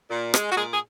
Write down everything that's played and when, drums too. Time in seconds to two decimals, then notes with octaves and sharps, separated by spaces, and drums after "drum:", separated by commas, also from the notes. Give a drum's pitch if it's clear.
0.10 A#2
0.34 G#3, drum: rim click
0.51 F#4
0.55 A#2 G#3 G#4
0.72 G#4